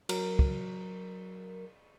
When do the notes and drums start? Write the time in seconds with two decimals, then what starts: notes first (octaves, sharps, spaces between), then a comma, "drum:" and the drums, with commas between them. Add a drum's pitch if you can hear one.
0.09 F#3 A#4, drum: cymbal
0.39 drum: kick